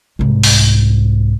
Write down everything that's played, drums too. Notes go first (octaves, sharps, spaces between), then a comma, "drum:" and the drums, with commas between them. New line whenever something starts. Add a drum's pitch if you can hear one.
C2 G#2
drum: open hi-hat